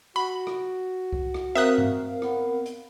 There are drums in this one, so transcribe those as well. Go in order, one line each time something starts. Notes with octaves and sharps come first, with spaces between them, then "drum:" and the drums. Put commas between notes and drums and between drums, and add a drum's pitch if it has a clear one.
F#4 B5
drum: rim click
drum: kick C2
drum: rim click
C4 A#4 E5 F5 D#6 F#6
drum: tom G2
B3, drum: rim click
drum: hi-hat